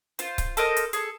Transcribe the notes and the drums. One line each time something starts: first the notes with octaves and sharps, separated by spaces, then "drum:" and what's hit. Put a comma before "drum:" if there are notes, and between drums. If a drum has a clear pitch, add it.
F4 C5, drum: hi-hat
drum: kick C#1, hi-hat
A4 A#4 C5 D#5, drum: hi-hat
drum: hi-hat
G#4 A4, drum: hi-hat